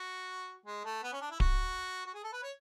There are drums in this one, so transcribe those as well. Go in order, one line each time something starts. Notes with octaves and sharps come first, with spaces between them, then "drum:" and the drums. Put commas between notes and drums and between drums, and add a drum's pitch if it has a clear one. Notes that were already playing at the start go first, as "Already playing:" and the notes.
Already playing: F#4
G#3
A3
B3
C#4
D4
E4
F#4, drum: kick D1
F#4
G#4
A4
B4
C#5